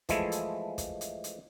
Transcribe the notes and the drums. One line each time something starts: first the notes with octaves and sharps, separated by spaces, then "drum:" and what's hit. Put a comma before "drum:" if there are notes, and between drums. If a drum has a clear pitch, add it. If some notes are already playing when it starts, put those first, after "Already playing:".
E3 F3 G#3 A3 E4, drum: kick, hi-hat
drum: hi-hat
drum: kick, hi-hat
drum: hi-hat
drum: hi-hat